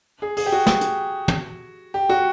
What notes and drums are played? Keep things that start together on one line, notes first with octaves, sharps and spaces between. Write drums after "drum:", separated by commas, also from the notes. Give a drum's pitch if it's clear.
G#4
G#4, drum: open hi-hat
G4
F#4
drum: snare
drum: hi-hat
drum: tom
G4
F#4